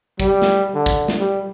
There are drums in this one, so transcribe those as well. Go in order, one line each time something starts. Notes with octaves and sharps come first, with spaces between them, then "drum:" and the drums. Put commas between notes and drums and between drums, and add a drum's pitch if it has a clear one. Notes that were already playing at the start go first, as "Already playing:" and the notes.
G3, drum: kick
drum: snare
D3
drum: kick
drum: snare
G3